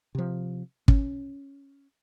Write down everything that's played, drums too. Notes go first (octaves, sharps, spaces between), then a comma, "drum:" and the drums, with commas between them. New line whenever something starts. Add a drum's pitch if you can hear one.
C3 F3
C#4, drum: kick